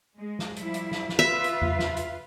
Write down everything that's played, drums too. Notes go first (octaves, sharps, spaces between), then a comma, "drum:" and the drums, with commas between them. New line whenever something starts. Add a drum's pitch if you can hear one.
G#3
drum: snare
F3 G3 E4, drum: hi-hat
drum: hi-hat
drum: snare
drum: snare
F4 B4 E5
drum: hi-hat
drum: tom E2
drum: snare
drum: hi-hat